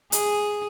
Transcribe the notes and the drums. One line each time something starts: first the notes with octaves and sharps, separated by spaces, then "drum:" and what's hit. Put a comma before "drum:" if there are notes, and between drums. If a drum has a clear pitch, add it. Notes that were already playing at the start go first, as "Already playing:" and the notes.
G#4, drum: hi-hat